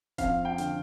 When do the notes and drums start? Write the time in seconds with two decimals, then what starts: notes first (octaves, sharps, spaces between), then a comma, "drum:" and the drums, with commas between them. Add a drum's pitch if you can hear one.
0.18 F2 F5, drum: kick D#1, hi-hat
0.45 G5
0.58 D3, drum: hi-hat